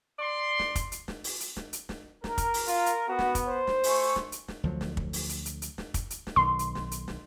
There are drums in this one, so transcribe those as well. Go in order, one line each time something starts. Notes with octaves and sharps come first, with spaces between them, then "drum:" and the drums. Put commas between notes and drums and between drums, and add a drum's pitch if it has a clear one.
D5 C6
drum: snare
drum: kick, hi-hat
drum: hi-hat
drum: snare
drum: open hi-hat
drum: hi-hat
drum: snare
drum: hi-hat
drum: snare
A#4, drum: snare
drum: kick, hi-hat
drum: open hi-hat
F4, drum: hi-hat
drum: hi-hat
B3 F#4
drum: snare
drum: kick, hi-hat
C5
drum: snare
A3 G#5 C#6, drum: open hi-hat
drum: snare
drum: hi-hat
drum: snare
D2 F3 F#3
drum: snare
drum: kick
drum: open hi-hat
drum: hi-hat
drum: hi-hat
drum: hi-hat
drum: snare
drum: kick, hi-hat
drum: hi-hat
drum: snare
B1 D#3 C6
drum: hi-hat
drum: snare
drum: hi-hat
drum: snare